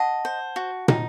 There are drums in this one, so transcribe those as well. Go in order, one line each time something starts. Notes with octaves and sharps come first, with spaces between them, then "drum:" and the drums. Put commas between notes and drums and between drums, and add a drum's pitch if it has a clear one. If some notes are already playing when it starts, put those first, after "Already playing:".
Already playing: D#5 F#5 A5
C5
F#4
D#4, drum: tom